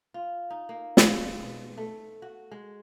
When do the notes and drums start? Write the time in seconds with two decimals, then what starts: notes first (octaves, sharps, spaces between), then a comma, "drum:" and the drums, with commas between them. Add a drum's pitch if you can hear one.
0.14 F4
0.50 D#4
0.69 A#3
0.97 drum: snare
1.06 G#3
1.39 B2
1.78 A3
2.22 F#4
2.52 G#3